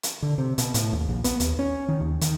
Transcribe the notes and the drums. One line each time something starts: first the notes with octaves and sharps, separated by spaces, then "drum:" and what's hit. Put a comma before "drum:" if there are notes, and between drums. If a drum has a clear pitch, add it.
drum: hi-hat
D3
C3
B2, drum: hi-hat
A2, drum: hi-hat
D#2
A#1
B3, drum: hi-hat
D#2, drum: hi-hat
C#4
D#3
D#2
D#3, drum: hi-hat